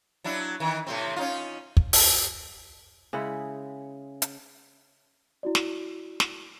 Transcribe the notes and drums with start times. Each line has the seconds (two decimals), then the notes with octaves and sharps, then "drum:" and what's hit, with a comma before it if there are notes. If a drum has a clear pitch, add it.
0.24 F#3 D4 E4
0.60 D#3 E3
0.87 A2 C3 C4
1.16 C#4 D#4 F4
1.77 drum: kick
1.93 drum: open hi-hat
3.13 C#3 G#3 E4 F#5
4.22 drum: hi-hat
5.43 E4 F#4 D5
5.55 drum: snare
6.20 drum: snare